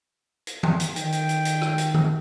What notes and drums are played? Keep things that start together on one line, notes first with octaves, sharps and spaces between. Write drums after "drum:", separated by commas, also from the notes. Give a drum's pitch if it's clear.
drum: hi-hat
drum: tom D#3
drum: hi-hat
D#3 G5, drum: hi-hat
drum: hi-hat
drum: hi-hat
drum: hi-hat
drum: rim click
drum: hi-hat
drum: tom D#3